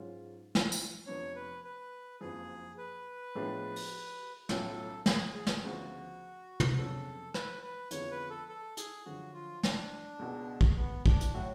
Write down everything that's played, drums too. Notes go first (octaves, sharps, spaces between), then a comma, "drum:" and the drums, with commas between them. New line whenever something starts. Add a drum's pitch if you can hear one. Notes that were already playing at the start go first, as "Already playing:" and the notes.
Already playing: G#2 F#3 C#4 F4
drum: snare
drum: tambourine
F1 F2 F3 B3 D4 C#5
B4
B4
F#1 F2 F3 G#4
B4
A2 F3 G#3 B3 D4
drum: open hi-hat
B1 A2 F#3 C#4 F4 A4, drum: snare
G#4, drum: snare
G#4
drum: snare
D2 C#3 F3 B3 F4 F#4
drum: tom
F2 C#3 F#3 B3 D4 A4
B4, drum: rim click
B4
F2 D3 G#3 B3 F4 C#5, drum: hi-hat
B4
A4
A4
G#4, drum: hi-hat
F#2 D3 F3 F#4
F4
D4, drum: snare
C#2 B2 G#3
drum: kick
B3
D4, drum: kick
drum: hi-hat
A2 F#3 F#4